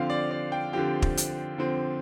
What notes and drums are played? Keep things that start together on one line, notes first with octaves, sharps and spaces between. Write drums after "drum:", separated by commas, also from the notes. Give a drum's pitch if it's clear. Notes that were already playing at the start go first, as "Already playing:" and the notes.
Already playing: D3 F3 C4 F5
D5
D5
G5
D3 F3 C4 G4
drum: kick
drum: hi-hat
D3 F3 C4